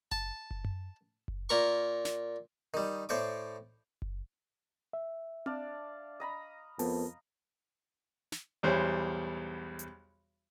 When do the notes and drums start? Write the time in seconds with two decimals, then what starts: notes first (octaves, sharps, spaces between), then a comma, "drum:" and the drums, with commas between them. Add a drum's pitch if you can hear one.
0.12 A5, drum: kick F#1
0.51 drum: kick F#1
0.65 drum: tom F#2
1.28 drum: kick F#1
1.49 A#2 A#4 C#6
2.05 drum: snare
2.74 D#3 G3
3.09 A2 C5 D5 C#6 D6
4.02 drum: kick F#1
4.93 E5
5.46 D4 D5 F5, drum: tom C4
6.20 D#5 A#5 B5
6.79 F2 B3 A#4 A5, drum: open hi-hat
8.32 drum: snare
8.63 B1 E2 G3 C5 C#5
9.79 drum: hi-hat